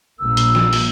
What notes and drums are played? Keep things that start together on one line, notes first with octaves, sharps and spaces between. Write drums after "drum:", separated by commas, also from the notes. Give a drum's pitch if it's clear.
A#1 G3 A#3 E6
drum: hi-hat
drum: snare
drum: open hi-hat